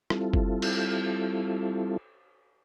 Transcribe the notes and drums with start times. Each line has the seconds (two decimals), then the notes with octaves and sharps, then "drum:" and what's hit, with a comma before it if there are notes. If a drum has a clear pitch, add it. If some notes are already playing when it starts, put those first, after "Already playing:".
0.10 G3 C4 E4 F4 A4, drum: rim click
0.34 drum: kick F#1
0.62 drum: cymbal